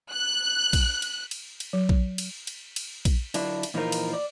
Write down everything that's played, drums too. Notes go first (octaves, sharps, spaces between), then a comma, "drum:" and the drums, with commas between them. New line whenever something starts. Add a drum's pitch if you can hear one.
F#6
drum: kick A#1, cymbal
drum: cymbal
drum: cymbal
drum: cymbal
F#3
drum: kick A#1
drum: cymbal
drum: cymbal
drum: cymbal
drum: kick A#1, cymbal
D3 F#3 D4 E4 F4, drum: cymbal
drum: cymbal
A#2 E3 F3 D#4 F4 A#4
drum: cymbal
D5